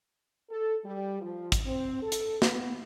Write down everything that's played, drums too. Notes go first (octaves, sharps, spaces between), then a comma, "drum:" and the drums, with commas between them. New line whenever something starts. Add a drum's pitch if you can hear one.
A4
G3
F3
drum: kick, hi-hat
C4
A4
drum: hi-hat
B3, drum: snare